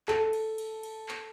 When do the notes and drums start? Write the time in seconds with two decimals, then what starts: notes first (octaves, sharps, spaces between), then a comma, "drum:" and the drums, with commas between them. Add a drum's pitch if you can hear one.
0.08 A4, drum: clap
0.33 drum: cymbal
0.58 drum: cymbal
0.83 drum: cymbal
1.09 drum: clap